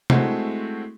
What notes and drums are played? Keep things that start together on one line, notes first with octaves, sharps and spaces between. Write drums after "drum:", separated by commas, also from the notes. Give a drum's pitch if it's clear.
G#3 A3 C4 E4 F#4, drum: tom